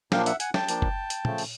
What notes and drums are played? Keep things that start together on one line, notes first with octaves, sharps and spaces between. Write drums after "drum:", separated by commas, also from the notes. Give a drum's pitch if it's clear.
A#2 F3 A#3 D4 F5 G5, drum: snare
E5 F#5, drum: hi-hat
F#5 G#5, drum: hi-hat
G5 A5, drum: snare
F3 A#3 D4, drum: hi-hat
drum: kick F#1
drum: hi-hat
C#3 F3 A3, drum: tom
drum: open hi-hat